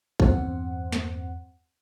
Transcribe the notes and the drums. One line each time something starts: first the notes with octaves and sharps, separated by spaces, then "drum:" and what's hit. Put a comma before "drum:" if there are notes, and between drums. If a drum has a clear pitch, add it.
E2 G2 C4 C5 F#5, drum: kick
drum: snare